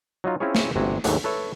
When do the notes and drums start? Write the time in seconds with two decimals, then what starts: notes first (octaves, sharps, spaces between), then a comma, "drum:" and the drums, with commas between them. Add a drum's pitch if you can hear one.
0.24 F#3 D#4 F4
0.40 C4 C#4 E4 F4 G#4 C#5
0.55 drum: snare
0.76 G1 C3 F#4 G#5
1.04 D#2 G#2 D3 F#3 A3 D4, drum: hi-hat
1.24 A4 B4 C#5 E5